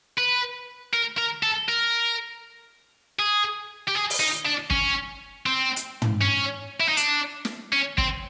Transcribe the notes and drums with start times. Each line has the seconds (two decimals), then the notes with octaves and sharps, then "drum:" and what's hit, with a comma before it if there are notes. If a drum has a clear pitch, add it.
0.18 B4
0.93 A#4
1.18 A#4
1.43 A4
1.68 A#4
3.19 G#4
3.87 G4
3.95 G#4
4.10 drum: open hi-hat
4.19 D#4
4.45 D4
4.70 C#4, drum: kick
5.46 C4
5.76 drum: hi-hat
6.02 drum: tom
6.21 C#4
6.80 E4
6.88 D#4
6.97 D4, drum: hi-hat
7.45 drum: snare
7.73 C#4
7.98 C4, drum: kick